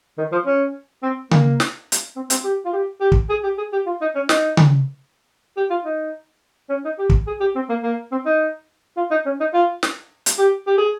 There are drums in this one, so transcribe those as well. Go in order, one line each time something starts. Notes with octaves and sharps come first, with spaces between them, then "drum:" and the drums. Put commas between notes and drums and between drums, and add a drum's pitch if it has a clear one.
D#3
F3
C#4
C4
A#3, drum: tom C#3
drum: snare
drum: hi-hat
C4
C4, drum: hi-hat
G4
F4
G4
G4
drum: kick
G#4
G4
G#4
G4
F4
D#4
C#4
D#4, drum: snare
drum: tom C#3
G4
F4
D#4
C#4
D#4
G4
drum: kick
G#4
G4
C4
A#3
A#3
C4
D#4
F4
D#4
C#4
D#4
F4
drum: snare
drum: hi-hat
G4
G4
G#4